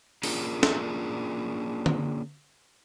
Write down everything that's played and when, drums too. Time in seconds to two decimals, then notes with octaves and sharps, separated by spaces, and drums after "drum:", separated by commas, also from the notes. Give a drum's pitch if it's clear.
0.23 A#3 C#4 D4 F4 G#4 A#4, drum: open hi-hat
0.63 drum: snare
1.86 drum: tom D3